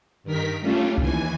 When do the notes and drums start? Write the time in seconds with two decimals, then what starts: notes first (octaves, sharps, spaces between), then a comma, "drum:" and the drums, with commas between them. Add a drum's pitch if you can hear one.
0.24 G2 D#3 A#4 B6
0.61 G3 A3 C#4 D4 F4
0.98 D#2 E3 G#5, drum: kick C2